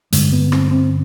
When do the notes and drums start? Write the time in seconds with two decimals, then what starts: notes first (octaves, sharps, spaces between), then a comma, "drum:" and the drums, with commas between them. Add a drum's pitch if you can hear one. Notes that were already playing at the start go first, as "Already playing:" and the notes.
0.13 G2 D3 G#3, drum: hi-hat
0.33 B3
0.52 C4, drum: rim click
0.71 C4